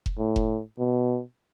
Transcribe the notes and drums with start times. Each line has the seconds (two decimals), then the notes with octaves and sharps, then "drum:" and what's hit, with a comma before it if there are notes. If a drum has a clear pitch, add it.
0.06 drum: kick F1
0.18 A2
0.36 drum: kick F1
0.79 B2